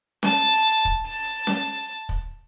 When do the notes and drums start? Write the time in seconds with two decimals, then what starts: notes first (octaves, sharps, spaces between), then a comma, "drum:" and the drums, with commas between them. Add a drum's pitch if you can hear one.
0.23 A5, drum: snare C#4
0.85 drum: kick
1.06 A5
1.47 drum: snare C#4
2.09 drum: kick